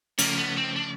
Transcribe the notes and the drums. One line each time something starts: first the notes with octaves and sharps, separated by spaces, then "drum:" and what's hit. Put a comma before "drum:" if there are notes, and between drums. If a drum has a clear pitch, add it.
C#3 F3 A3 A#3 C#4, drum: cymbal
B3
C4
D4